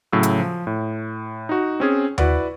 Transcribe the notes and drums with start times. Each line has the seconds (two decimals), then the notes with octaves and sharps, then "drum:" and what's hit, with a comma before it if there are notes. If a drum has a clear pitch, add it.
0.12 A2 C#3 F#3 E6
0.23 drum: hi-hat
0.40 F3
0.67 A2
1.49 D#4 F#4
1.80 C4 C#4 G#4
2.18 E4 F#4 B4 D5 F#5, drum: tom D#2